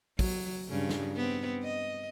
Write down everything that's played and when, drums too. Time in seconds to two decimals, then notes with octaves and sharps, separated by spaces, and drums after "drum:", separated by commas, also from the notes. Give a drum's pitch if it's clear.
0.19 F#3, drum: kick, open hi-hat
0.69 G2 C#3
0.89 drum: snare
1.17 B3 C4
1.63 D#5